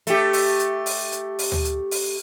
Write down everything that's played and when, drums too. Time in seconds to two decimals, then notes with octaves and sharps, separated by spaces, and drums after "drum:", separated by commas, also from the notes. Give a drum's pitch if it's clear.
0.07 A3 G4, drum: hi-hat
0.33 drum: open hi-hat
0.60 drum: hi-hat
0.86 drum: open hi-hat
1.12 drum: hi-hat
1.39 drum: open hi-hat
1.52 drum: tom
1.65 drum: hi-hat
1.91 drum: open hi-hat